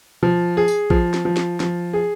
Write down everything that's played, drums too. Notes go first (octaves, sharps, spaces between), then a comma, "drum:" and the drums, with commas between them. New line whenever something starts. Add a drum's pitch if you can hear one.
F3, drum: tom B2
G#4
drum: tambourine
F3, drum: kick A#1
drum: snare
F3
drum: snare
F3, drum: snare
G#4